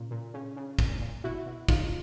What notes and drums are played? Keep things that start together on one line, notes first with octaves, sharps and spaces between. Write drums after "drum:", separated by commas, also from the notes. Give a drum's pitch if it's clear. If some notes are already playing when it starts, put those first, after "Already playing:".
Already playing: A#2 C#3
A#2
C#3
C#3
A#2, drum: kick
A#2
B2 E4 F#4
B2
C#3 D#4 F4, drum: kick